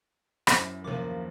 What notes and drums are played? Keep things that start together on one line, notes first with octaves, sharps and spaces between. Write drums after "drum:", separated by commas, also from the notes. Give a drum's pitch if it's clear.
F#2 E4 C5 D6, drum: rim click
D#2 C3 F3 A#4 D6